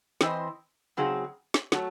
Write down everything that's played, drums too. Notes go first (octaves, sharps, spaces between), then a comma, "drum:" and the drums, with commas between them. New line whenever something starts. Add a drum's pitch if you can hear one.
E3 C4 E4 C5 D#5, drum: snare
C#3 F#3 C4 D#4 G#4
drum: snare
F#3 A3, drum: snare